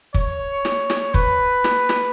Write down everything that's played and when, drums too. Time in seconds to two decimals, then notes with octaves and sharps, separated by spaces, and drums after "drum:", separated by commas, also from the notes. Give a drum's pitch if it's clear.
0.14 C#5, drum: kick
0.65 drum: snare
0.90 drum: snare
1.14 B4, drum: kick
1.64 drum: snare
1.89 drum: snare